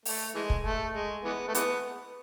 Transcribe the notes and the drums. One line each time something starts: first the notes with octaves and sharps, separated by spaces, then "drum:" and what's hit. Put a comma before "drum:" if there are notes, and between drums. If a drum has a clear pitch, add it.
A3, drum: open hi-hat
E3 G#3
drum: kick
A3
G#3
E3 G#3 B3
A3
E3 G#3 B3, drum: hi-hat